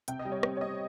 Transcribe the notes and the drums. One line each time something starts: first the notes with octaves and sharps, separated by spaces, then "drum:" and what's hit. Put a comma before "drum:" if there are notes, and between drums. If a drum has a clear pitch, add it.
C3 G5, drum: hi-hat
D#5
G3
C#5
C4 C#5, drum: rim click
C#5
C4 D#5